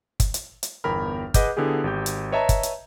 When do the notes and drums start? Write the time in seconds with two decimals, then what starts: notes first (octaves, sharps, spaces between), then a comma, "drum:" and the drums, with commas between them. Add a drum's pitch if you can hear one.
0.20 drum: kick, hi-hat
0.34 drum: hi-hat
0.63 drum: hi-hat
0.84 G1 E2 A#4 G5 B5 F6
1.34 G#4 B4 D#5 F#5 D6 G6, drum: kick, hi-hat
1.57 D3 B3 E4 G4 G#4
1.84 G#1 G4 G6
2.06 drum: hi-hat
2.32 B4 C#5 D#5 E5 A5 A#5
2.49 drum: kick, hi-hat
2.63 drum: hi-hat